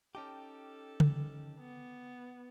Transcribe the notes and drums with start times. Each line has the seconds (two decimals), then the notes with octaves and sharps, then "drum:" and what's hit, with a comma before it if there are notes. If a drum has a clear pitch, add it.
0.15 C#4 D#4 G4 A4 G5 A5 D6
1.00 drum: tom C#3
1.59 B3